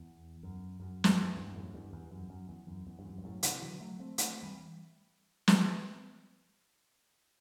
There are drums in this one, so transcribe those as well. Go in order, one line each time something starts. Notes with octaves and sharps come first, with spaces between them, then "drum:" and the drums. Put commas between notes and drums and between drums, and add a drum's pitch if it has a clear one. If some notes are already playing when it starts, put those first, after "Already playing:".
Already playing: E2
F#2
F#2
drum: snare
F#2
E2 G2
F#2 A2
E2 G2
E2
F#2
F#2
E2
F#2
E2
G2
F#2
G2
F#2 A2
C3 E3, drum: hi-hat
D3 F#3
F#3 A3
A3 C4
A3 C4, drum: hi-hat
E3 G3
drum: snare